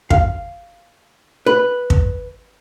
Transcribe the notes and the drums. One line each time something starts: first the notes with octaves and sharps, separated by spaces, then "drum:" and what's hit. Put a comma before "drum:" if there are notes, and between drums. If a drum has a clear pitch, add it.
F5, drum: kick
B4
drum: kick